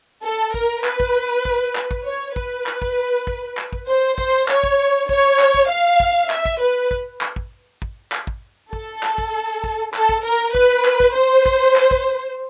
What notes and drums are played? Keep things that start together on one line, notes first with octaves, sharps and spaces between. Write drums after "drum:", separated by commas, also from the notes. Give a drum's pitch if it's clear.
A4
A#4, drum: kick
B4, drum: clap
drum: kick
drum: kick
drum: clap
drum: kick
C#5
B4, drum: kick
drum: clap
drum: kick
drum: kick
drum: clap
drum: kick
C5
C5, drum: kick
C#5, drum: clap
drum: kick
C#5, drum: kick
drum: clap
drum: kick
F5
drum: kick
E5, drum: clap
drum: kick
B4
drum: kick
drum: clap
drum: kick
drum: kick
drum: clap
drum: kick
A4, drum: kick
drum: clap
drum: kick
drum: kick
A4, drum: clap
drum: kick
A#4
B4, drum: kick
drum: clap
drum: kick
C5
drum: kick
drum: clap
drum: kick